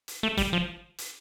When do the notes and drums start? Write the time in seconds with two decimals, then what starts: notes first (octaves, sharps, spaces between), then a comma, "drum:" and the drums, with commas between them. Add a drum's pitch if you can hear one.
0.08 drum: hi-hat
0.23 A3
0.37 G3, drum: kick, hi-hat
0.53 F3
0.98 drum: hi-hat